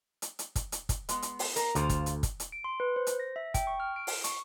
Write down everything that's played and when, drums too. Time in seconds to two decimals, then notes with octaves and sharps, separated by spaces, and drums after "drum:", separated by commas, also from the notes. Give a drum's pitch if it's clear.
0.22 drum: hi-hat
0.39 drum: hi-hat
0.55 drum: kick, hi-hat
0.72 drum: hi-hat
0.89 drum: kick, hi-hat
1.09 G#3 B3, drum: hi-hat
1.22 drum: hi-hat
1.39 drum: open hi-hat
1.56 A#4, drum: hi-hat
1.75 D2 F4 C5 F5, drum: hi-hat
1.89 drum: kick, hi-hat
2.06 drum: hi-hat
2.23 drum: kick, hi-hat
2.40 drum: hi-hat
2.52 D7
2.64 C6
2.80 B4
2.96 C5
3.07 drum: hi-hat
3.20 A#6
3.36 E5
3.54 G5, drum: kick, hi-hat
3.67 C#6
3.80 F6
3.96 D7
4.07 drum: open hi-hat
4.24 C#6, drum: hi-hat